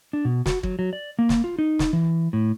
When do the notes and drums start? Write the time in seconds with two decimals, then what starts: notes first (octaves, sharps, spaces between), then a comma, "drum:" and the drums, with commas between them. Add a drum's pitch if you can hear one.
0.13 D4
0.25 B2
0.46 F#4, drum: snare
0.63 F#3, drum: kick
0.79 F#3
0.93 D5
1.19 A#3
1.29 drum: snare
1.44 F4
1.59 D#4
1.79 drum: snare
1.93 E3
2.33 A2